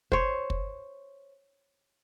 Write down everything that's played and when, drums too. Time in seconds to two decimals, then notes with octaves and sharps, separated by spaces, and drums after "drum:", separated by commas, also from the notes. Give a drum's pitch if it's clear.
0.12 C5 C#5, drum: kick
0.50 drum: kick